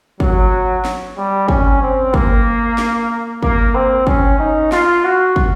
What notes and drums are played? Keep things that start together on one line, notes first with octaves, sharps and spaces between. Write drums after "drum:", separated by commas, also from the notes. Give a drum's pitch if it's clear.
F#3, drum: kick
drum: snare
G3
C#4, drum: kick
C4
A#3, drum: kick
drum: snare
A#3, drum: kick
C4
C#4, drum: kick
D#4
F4, drum: snare
F#4
drum: kick